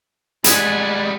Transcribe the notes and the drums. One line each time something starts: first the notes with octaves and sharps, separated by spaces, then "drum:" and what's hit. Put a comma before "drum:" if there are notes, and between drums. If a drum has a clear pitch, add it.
G3 G#3 F#5 G#5, drum: hi-hat